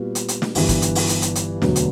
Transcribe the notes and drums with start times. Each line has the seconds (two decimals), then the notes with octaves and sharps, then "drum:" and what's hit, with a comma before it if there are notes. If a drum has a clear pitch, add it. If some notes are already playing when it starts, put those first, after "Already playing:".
Already playing: A#2 G3 B3 F#4
0.15 drum: hi-hat
0.28 drum: hi-hat
0.42 drum: snare
0.55 G1 G2 E3 B3, drum: open hi-hat
0.69 drum: kick, hi-hat
0.82 drum: hi-hat
0.95 drum: open hi-hat
1.09 drum: hi-hat
1.22 drum: hi-hat
1.35 drum: hi-hat
1.62 E1 D2 D3 F#3 B3, drum: snare
1.76 drum: hi-hat